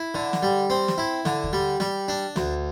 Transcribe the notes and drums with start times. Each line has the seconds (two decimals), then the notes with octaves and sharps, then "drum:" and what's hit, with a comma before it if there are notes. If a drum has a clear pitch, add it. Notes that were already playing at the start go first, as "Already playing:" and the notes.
Already playing: E4
0.15 D3
0.33 drum: snare
0.43 G3
0.70 C4
0.88 drum: snare
0.98 E4
1.25 D3, drum: snare
1.44 drum: kick D#2
1.53 G3
1.80 G3, drum: snare
2.08 D4
2.36 D2, drum: snare